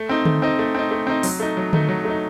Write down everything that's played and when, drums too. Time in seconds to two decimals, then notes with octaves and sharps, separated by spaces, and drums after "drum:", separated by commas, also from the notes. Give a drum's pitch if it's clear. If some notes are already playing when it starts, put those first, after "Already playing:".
Already playing: A3
0.09 C4 D#4
0.25 A3, drum: tom D3
0.42 C4 D#4
0.59 A3
0.75 C4 D#4
0.91 A3
1.07 C4 D#4
1.23 F#3, drum: open hi-hat
1.40 A3 D#4
1.57 F#3
1.73 A3 D#4, drum: tom D3
1.89 F#3
2.05 A3 D#4